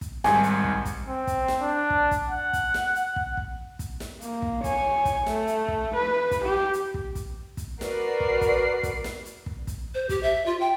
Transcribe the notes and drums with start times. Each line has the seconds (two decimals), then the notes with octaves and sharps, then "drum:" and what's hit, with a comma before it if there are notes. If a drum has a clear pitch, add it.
0.01 drum: kick, hi-hat
0.24 G#1 G#2 G3 G#5, drum: snare
0.43 drum: hi-hat
0.64 drum: kick
0.85 drum: kick, hi-hat
1.08 C4
1.27 drum: kick, hi-hat
1.48 drum: snare
1.62 D4
1.90 drum: kick
2.11 drum: kick, hi-hat
2.28 F#5
2.53 drum: kick, hi-hat
2.74 drum: snare
2.95 drum: hi-hat
3.16 drum: kick
3.37 drum: kick
3.79 drum: kick, hi-hat
4.00 drum: snare
4.21 A#3, drum: hi-hat
4.42 drum: kick
4.64 C#5 G#5, drum: kick, hi-hat
5.05 drum: kick, hi-hat
5.26 A3, drum: snare
5.47 drum: hi-hat
5.68 drum: kick
5.94 B4
6.31 drum: kick, hi-hat
6.44 G4
6.73 drum: hi-hat
6.94 drum: kick
7.15 drum: kick, hi-hat
7.57 drum: kick, hi-hat
7.81 F#4 A#4 B4 D5 C7, drum: snare
8.20 drum: kick
8.41 drum: kick, hi-hat
8.83 drum: kick, hi-hat
9.04 drum: snare
9.25 drum: hi-hat
9.46 drum: kick
9.67 drum: kick, hi-hat
9.94 C5
10.09 G4, drum: kick, hi-hat
10.23 E5
10.46 F4
10.61 G5